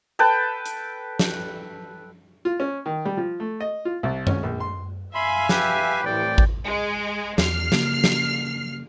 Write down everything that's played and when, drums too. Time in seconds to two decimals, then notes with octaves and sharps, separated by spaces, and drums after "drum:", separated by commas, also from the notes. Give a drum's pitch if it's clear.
0.19 A4 B4 G5 A5
0.66 drum: hi-hat
1.19 drum: snare
2.45 F4
2.60 C#4
2.86 D#3
3.05 G3
3.17 F3
3.40 A3
3.61 D#5
3.85 F4
4.03 C2
4.27 C#4, drum: tom F#2
4.43 A#1
4.60 C6
5.15 E5 F5 G#5 B5 C6
5.49 G4 B4, drum: snare
6.05 C2 A2 E3 D5 G5
6.38 drum: kick G#1
6.65 G#3
7.38 E2 F6 C7, drum: snare
7.72 C#3 A#3, drum: snare
8.04 drum: snare